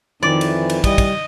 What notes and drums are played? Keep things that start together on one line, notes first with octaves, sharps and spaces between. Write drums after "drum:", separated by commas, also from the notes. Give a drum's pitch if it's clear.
F2 D#3 E3 D5
drum: cymbal
drum: cymbal
G3 D#5, drum: kick, cymbal
drum: kick, cymbal